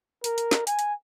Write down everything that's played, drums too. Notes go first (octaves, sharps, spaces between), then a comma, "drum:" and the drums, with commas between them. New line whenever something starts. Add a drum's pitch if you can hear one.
A#4, drum: hi-hat
drum: hi-hat
drum: snare
G#5, drum: hi-hat
drum: hi-hat